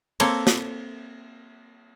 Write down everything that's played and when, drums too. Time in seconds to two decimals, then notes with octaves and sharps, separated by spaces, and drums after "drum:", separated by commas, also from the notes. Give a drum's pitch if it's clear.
0.20 A#3 C4 A4 C#5, drum: cymbal
0.47 drum: snare